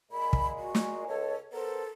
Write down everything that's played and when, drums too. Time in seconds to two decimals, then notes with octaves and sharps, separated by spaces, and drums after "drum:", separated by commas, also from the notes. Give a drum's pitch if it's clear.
0.12 A#2 G#3 A#3 B5
0.33 drum: kick
0.59 F#4
0.75 drum: snare
1.08 C#2 A4 C#5
1.53 B3 A4 A#4 C5